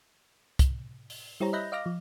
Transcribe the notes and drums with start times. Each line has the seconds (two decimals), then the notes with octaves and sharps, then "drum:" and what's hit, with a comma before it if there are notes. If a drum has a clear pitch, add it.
0.59 drum: kick, hi-hat
1.10 drum: open hi-hat
1.40 G3 E4 G4 C5 C#5 A#5
1.53 D#5 E5 B5 F#6 G6 A#6
1.72 D#5 F5 D6 F6 A#6
1.86 F3